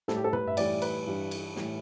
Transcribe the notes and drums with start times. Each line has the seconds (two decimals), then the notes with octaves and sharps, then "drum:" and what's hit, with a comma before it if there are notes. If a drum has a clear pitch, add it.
0.08 A2 G3 A4, drum: snare
0.16 G4
0.24 A4
0.33 B4, drum: tom
0.48 E5
0.57 A2 E3 G3 D5, drum: cymbal
0.82 B4, drum: cymbal
1.07 G2 E3 G3
1.31 drum: cymbal
1.56 A2 E3 G3, drum: snare